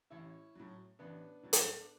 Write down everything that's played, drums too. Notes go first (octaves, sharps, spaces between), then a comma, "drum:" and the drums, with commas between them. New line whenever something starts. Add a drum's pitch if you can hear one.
A1 C#4 E4
A2 F#3
A1 B3 D4
A2 F#3
drum: hi-hat